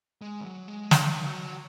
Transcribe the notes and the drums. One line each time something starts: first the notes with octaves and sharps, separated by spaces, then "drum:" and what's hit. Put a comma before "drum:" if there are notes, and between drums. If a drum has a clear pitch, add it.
G#3
D#3
F#3
G#3
F#3, drum: snare
D#3
F#3